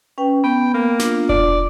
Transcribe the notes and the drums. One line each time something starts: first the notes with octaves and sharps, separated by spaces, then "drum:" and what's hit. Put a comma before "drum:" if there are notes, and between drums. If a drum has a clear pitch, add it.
C#4 B4 G5
B3 G5
A#3
D4 F4, drum: snare
D5, drum: kick E1